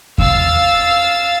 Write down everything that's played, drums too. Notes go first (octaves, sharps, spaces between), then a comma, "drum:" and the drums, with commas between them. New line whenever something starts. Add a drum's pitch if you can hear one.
F5 E6 A6, drum: kick E2